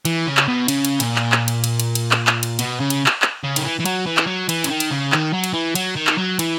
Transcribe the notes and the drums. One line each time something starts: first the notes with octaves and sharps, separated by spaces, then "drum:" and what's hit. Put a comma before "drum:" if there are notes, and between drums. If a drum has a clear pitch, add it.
E3, drum: cymbal
C#3
drum: clap
B2
C#3, drum: cymbal
drum: cymbal
A#2, drum: cymbal
drum: clap
drum: clap
drum: cymbal
drum: cymbal
drum: cymbal
drum: cymbal
drum: clap
drum: clap
drum: cymbal
B2, drum: cymbal
C#3
drum: cymbal
drum: clap
drum: clap
C#3
D#3, drum: cymbal
E3
E3
F#3, drum: cymbal
E3
drum: clap
F#3
E3, drum: cymbal
C#3, drum: cymbal
D#3
drum: cymbal
C#3
D#3, drum: clap
F#3
drum: cymbal
E3
F#3, drum: cymbal
D#3
drum: clap
F#3
E3, drum: cymbal